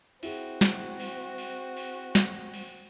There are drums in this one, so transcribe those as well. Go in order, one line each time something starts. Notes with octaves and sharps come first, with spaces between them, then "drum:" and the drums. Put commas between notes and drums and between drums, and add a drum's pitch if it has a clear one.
C4 E4 F#4 G#4, drum: cymbal
drum: snare
drum: cymbal
drum: cymbal
drum: cymbal
drum: snare
drum: cymbal